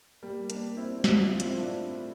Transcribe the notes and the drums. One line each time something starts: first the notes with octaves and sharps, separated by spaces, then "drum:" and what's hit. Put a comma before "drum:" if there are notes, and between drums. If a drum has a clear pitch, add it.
G3 A#3
A#3 D4, drum: hi-hat
C4 E4
D4 F4, drum: snare
C4 E4
F4, drum: hi-hat
C4 E4
D4
A3 C4